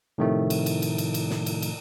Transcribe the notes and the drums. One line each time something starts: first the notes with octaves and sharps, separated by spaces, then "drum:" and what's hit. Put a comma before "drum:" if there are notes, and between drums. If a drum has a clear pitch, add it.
A2 C3 D#3 F3 A3
drum: cymbal
drum: cymbal
drum: cymbal
drum: cymbal
drum: cymbal
drum: snare
drum: cymbal
drum: cymbal